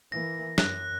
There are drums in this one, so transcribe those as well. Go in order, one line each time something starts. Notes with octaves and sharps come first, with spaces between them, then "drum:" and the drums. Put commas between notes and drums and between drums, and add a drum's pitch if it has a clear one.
E3 A#3 A#6
F#2 F#6, drum: snare